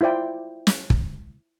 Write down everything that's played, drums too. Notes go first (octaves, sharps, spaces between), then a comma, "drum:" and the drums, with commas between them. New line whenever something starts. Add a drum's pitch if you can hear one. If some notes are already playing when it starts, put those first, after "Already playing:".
E4 F4 C5 D5 G5
drum: snare
drum: kick